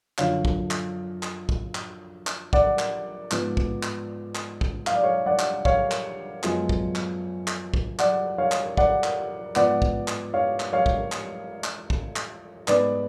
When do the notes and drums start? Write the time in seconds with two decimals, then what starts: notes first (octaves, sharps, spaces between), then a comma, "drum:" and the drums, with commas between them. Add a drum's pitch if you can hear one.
0.18 F#2 D3 F3 C#5 F5, drum: clap
0.45 drum: kick
0.71 drum: clap
1.23 drum: clap
1.49 drum: kick
1.75 drum: clap
2.27 drum: clap
2.53 D5 F#5, drum: kick
2.79 drum: clap
3.31 G#2 F3 B3, drum: clap
3.57 drum: kick
3.83 drum: clap
4.35 drum: clap
4.61 drum: kick
4.87 F5, drum: clap
4.96 D5
5.03 C#5 F5
5.26 D5 F#5
5.39 drum: clap
5.65 C#5 F5, drum: kick
5.91 drum: clap
6.43 F#2 F3 G#3 B3, drum: clap
6.69 drum: kick
6.95 drum: clap
7.48 drum: clap
7.74 drum: kick
7.99 D5 F#5, drum: clap
8.38 C#5 F5
8.52 drum: clap
8.77 D5 F#5, drum: kick
9.04 drum: clap
9.56 G#2 F3 B3 D5 F#5, drum: clap
9.82 drum: kick
10.08 drum: clap
10.34 C#5 F5
10.60 drum: clap
10.73 C#5 F5
10.86 drum: kick
11.12 drum: clap
11.64 drum: clap
11.90 drum: kick
12.16 drum: clap
12.68 G#2 G#3 B3 B4 D5, drum: clap